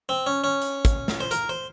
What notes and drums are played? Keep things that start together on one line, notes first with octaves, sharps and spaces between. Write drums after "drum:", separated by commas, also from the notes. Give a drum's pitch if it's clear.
C4
C#4
C#4
drum: hi-hat
drum: kick, hi-hat
drum: snare
C5
A#4, drum: hi-hat
C5